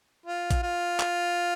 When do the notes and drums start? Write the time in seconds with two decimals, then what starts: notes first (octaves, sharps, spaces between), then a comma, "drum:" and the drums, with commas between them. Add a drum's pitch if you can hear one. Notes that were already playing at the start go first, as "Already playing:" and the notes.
0.26 F4
0.51 drum: kick A1, hi-hat
0.63 F4
1.00 drum: clap